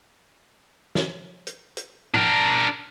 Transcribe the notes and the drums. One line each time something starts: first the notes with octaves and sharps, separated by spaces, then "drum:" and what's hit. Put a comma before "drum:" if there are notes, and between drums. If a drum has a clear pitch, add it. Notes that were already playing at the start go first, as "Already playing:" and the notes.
drum: snare
drum: hi-hat
drum: hi-hat
D4 A#4, drum: tom